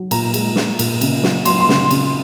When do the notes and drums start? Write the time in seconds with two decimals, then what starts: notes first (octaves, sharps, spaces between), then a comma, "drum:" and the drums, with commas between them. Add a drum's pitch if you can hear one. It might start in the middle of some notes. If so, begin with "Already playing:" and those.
Already playing: F#3
0.11 A#2 A#5, drum: cymbal
0.34 G#3, drum: cymbal
0.56 G#3, drum: snare
0.79 A#2, drum: cymbal
1.01 C#3, drum: cymbal
1.23 F#3, drum: snare
1.45 F#3 C6, drum: cymbal
1.60 C6
1.69 C#3, drum: snare
1.91 C#3, drum: cymbal